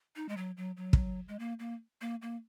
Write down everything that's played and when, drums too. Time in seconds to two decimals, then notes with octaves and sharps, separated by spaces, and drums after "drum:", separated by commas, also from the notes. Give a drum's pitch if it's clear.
0.16 D#4
0.29 G#3
0.37 F#3
0.57 F#3
0.77 F#3
0.93 drum: kick
1.28 G#3
1.39 A#3
1.59 A#3
2.01 A#3
2.22 A#3